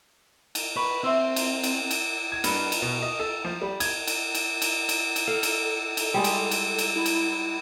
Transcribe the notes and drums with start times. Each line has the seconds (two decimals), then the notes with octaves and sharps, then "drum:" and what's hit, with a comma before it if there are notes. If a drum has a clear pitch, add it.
0.55 drum: cymbal
0.77 B4 C#6
1.04 C4 E5 C6 E6
1.36 drum: cymbal
1.63 drum: cymbal
1.91 drum: cymbal
2.32 G#6
2.44 G2, drum: cymbal
2.72 drum: cymbal
2.82 B2
3.02 D#5
3.19 A4
3.45 F3
3.62 G3
3.80 G#6, drum: cymbal
4.07 drum: cymbal
4.35 drum: cymbal
4.62 drum: cymbal
4.89 drum: cymbal
5.16 drum: cymbal
5.27 A4 F5
5.43 drum: cymbal
5.97 drum: cymbal
6.14 G3 G#3 D5
6.24 drum: cymbal
6.51 drum: cymbal
6.78 drum: cymbal
6.96 E4
7.06 drum: cymbal